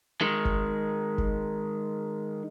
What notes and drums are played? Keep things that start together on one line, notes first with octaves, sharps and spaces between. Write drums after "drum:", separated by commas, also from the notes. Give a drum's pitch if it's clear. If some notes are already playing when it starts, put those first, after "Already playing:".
D#3 G#3
drum: kick F#1
drum: kick F#1